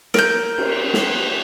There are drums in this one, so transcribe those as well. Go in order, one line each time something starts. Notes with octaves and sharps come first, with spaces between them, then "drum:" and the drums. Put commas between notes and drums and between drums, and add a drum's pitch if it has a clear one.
A#4 G6, drum: snare
drum: cymbal
drum: snare